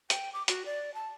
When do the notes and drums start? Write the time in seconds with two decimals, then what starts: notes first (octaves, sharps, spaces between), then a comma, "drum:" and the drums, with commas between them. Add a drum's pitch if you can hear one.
0.10 G5, drum: hi-hat
0.33 D6
0.48 F#4, drum: hi-hat
0.66 D5
0.94 A5